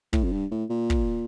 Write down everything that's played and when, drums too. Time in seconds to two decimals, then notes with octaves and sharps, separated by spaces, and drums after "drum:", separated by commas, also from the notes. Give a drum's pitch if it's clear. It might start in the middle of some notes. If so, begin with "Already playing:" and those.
0.13 A2, drum: kick
0.24 F2
0.32 G2
0.51 A2
0.70 A#2
0.90 drum: kick